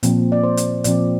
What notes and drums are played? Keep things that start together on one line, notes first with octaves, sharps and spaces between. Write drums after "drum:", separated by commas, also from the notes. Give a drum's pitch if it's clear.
A#2 F3 C4, drum: hi-hat
D5
C5
drum: hi-hat
A#2 F3 C4 D5, drum: hi-hat